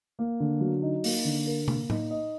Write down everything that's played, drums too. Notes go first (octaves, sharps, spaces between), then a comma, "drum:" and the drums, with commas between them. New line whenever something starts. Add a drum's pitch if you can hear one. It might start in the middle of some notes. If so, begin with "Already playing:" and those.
A#3
D3
F#3
D#4
A#3, drum: open hi-hat
D3
A#4
A#3, drum: tom
D#4, drum: tom A2
D#5